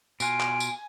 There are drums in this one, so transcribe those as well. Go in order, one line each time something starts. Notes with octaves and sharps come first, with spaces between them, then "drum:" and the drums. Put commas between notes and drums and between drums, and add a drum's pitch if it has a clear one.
B2 F4 G#5 D7, drum: tambourine
drum: clap
drum: tambourine